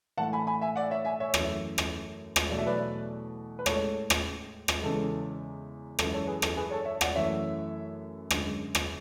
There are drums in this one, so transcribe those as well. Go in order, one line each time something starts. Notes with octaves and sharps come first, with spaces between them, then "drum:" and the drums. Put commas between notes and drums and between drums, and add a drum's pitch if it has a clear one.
A2 E3 A3 F#5 A5
G#5 B5
G#5 B5
E5 G#5
D5 F#5
C#5 E5
E5 G#5
C#5 E5
F#2 E3 A3, drum: rim click
drum: rim click
drum: rim click
E2 B2 F#3 A3 D5
E5
B4 D5
B4
A2 G#3 A4 C#5, drum: rim click
drum: rim click
drum: rim click
E2 C#3 E3 G#3 A4
F#2 E3 G#3 A4, drum: rim click
A4 C#5
G#4 B4
A4, drum: rim click
G#4 B4
A4 C#5
C#5 E5
D5 F#5, drum: rim click
F#2 E3 A3 C#5 E5
F#2 D3 G#3, drum: rim click
drum: rim click